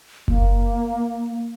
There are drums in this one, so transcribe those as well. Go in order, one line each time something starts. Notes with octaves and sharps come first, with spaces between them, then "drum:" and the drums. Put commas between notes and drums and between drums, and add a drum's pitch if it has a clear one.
A#3, drum: kick F#1